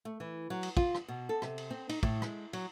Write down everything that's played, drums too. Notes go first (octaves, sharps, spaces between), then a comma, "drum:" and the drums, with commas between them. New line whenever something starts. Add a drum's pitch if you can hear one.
A3
E3
F#3
drum: cymbal
F4, drum: kick
drum: rim click
B2
A4
C3, drum: rim click
drum: cymbal
C4
D#4, drum: cymbal
A2, drum: kick
G#3, drum: rim click
F#3, drum: cymbal